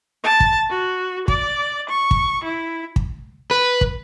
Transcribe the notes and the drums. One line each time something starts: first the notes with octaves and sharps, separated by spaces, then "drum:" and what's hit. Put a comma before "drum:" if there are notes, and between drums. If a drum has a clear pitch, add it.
A5
drum: kick
F#4
D5, drum: kick
C#6
drum: kick
E4
drum: kick
B4
drum: kick